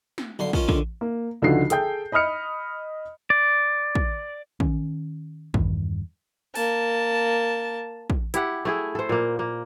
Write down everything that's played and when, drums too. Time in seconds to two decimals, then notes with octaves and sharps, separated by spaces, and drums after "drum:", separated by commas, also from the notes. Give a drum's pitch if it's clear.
0.18 drum: snare
0.39 B1 D3 C6
0.53 D#3 C#4 F4, drum: kick
0.69 D3, drum: kick
1.01 A#3
1.42 C#2 D3 F3 D#4 F#4 C7
1.70 G#4 A4 G5 G6, drum: hi-hat
2.12 D#5 B5 D#6 F6 C#7
3.30 D5
3.95 drum: kick
4.60 D#3 C#4, drum: kick
5.54 E2 G2 D#3, drum: kick
6.55 A#3 A5, drum: open hi-hat
8.10 drum: kick
8.34 E4 G4 F#5, drum: hi-hat
8.65 A3 E4 G#4
8.95 A4 C5
9.09 A#2 A#3
9.39 A#3